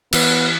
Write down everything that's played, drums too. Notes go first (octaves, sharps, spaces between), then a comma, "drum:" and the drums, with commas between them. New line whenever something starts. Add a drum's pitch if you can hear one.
E3 B3, drum: cymbal